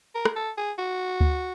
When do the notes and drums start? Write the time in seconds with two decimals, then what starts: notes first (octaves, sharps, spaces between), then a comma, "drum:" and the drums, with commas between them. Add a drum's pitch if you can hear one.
0.15 A#4
0.25 drum: rim click
0.36 A4
0.57 G#4
0.79 F#4
1.21 drum: kick D2